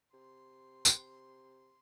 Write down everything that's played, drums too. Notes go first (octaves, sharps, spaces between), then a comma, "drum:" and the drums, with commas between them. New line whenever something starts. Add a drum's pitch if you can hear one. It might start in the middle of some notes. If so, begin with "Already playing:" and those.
C3 C6
drum: tambourine